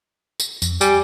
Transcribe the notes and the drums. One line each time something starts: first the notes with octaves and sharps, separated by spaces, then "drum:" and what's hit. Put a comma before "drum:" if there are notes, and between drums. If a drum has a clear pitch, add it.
drum: tambourine
F2, drum: tambourine
G3 G#5, drum: tambourine